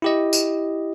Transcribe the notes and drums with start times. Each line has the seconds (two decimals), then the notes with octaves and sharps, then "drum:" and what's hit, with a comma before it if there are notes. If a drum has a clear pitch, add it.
0.02 E4 G4 D#5
0.33 drum: tambourine